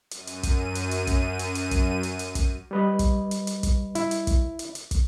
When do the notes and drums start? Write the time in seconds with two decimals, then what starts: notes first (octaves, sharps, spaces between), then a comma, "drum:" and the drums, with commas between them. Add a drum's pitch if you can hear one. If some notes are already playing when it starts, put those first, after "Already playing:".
0.11 F#2 D#7, drum: hi-hat
0.27 drum: hi-hat
0.43 drum: kick, hi-hat
0.75 drum: hi-hat
0.91 drum: hi-hat
1.07 drum: kick, hi-hat
1.39 drum: hi-hat
1.55 drum: hi-hat
1.71 drum: kick, hi-hat
2.03 drum: hi-hat
2.19 drum: hi-hat
2.35 drum: kick, hi-hat
2.71 G3 B4 D#5
2.99 drum: kick, hi-hat
3.31 drum: hi-hat
3.47 drum: hi-hat
3.63 drum: kick, hi-hat
3.95 E4, drum: hi-hat
4.11 drum: hi-hat
4.27 drum: kick, hi-hat
4.59 drum: hi-hat
4.75 drum: hi-hat
4.91 drum: kick, hi-hat